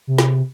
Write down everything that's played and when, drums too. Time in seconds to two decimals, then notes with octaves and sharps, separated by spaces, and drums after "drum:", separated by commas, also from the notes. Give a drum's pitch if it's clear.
0.07 C3
0.18 drum: snare